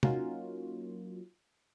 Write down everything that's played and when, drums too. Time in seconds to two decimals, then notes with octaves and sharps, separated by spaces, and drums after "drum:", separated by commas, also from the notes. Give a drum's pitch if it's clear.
0.03 F#3 A#3 C#4 D#4 F4 F#4, drum: tom